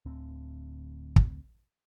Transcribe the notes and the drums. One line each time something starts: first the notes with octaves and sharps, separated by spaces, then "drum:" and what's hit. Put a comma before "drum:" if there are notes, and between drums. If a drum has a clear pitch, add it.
D1 D2 C4
drum: kick